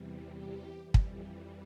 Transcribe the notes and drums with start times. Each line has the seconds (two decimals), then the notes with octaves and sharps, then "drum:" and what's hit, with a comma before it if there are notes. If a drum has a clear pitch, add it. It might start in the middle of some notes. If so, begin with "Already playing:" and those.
Already playing: E2 C3 E3 G3
0.30 G4
0.82 F2 E3 G3
0.94 drum: kick